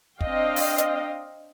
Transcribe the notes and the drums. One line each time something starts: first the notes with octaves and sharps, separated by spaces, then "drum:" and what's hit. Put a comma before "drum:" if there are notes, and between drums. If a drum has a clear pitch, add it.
C4 D4 D#5 F5 G5, drum: kick
drum: open hi-hat
drum: hi-hat